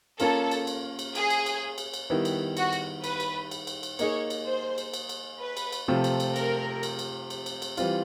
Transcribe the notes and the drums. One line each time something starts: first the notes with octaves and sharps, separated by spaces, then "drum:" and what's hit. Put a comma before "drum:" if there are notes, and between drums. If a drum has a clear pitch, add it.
A#3 C#4 F4 A4 A#4, drum: cymbal
drum: cymbal
drum: cymbal
drum: cymbal
G#4, drum: cymbal
drum: cymbal
drum: cymbal
drum: cymbal
drum: cymbal
D#3 G3 B3 E4
drum: cymbal
F#4, drum: cymbal
drum: cymbal
B4, drum: cymbal
drum: cymbal
drum: cymbal
drum: cymbal
drum: cymbal
A#3 D#4 G#4 C#5, drum: cymbal
drum: cymbal
C5
drum: cymbal
drum: cymbal
drum: cymbal
B4
drum: cymbal
drum: cymbal
C3 F3 A3 C4 F4
drum: cymbal
drum: cymbal
A#4, drum: cymbal
drum: cymbal
drum: cymbal
drum: cymbal
drum: cymbal
drum: cymbal
E3 G3 C4 F4, drum: cymbal